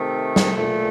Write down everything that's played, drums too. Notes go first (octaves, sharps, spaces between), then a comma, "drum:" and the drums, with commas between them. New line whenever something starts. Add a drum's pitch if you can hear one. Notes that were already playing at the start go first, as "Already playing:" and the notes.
Already playing: C3 D#3 A3
drum: snare
A#2 F3 A3